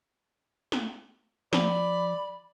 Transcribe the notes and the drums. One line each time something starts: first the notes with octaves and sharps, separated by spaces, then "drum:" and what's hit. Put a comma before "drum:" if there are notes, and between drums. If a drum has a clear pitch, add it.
drum: snare
F3 D5 B5, drum: snare